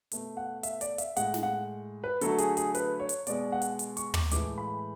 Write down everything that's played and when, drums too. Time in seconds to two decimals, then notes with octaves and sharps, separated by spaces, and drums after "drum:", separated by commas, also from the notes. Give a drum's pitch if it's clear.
0.12 B2 A3, drum: hi-hat
0.37 F#5
0.63 E5, drum: hi-hat
0.81 D5, drum: hi-hat
0.98 E5, drum: hi-hat
1.16 A2 G#3 F#5, drum: hi-hat
1.34 drum: snare
1.43 F#5
2.04 B4
2.21 D3 F#3 A3 A4, drum: hi-hat
2.38 G#4, drum: hi-hat
2.57 G#4, drum: hi-hat
2.75 B4, drum: hi-hat
3.00 C#5
3.09 drum: hi-hat
3.27 B2 G#3 D5, drum: hi-hat
3.52 F#5
3.62 drum: hi-hat
3.79 drum: hi-hat
3.97 C#6, drum: hi-hat
4.14 D6, drum: tom
4.31 A2 E3 G#3 D6, drum: hi-hat
4.58 B5